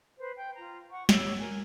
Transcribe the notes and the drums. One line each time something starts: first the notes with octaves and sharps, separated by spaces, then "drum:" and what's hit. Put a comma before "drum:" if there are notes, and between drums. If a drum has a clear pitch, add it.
B4 C5
G5
F4 A#5
F#5 C#6
G4 C#5 E6, drum: snare
A#4 G#5